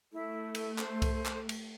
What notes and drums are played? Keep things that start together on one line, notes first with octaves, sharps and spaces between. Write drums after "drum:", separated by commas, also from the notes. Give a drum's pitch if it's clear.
A3 E4
drum: cymbal
C5, drum: clap
drum: kick C2, cymbal
drum: clap
drum: cymbal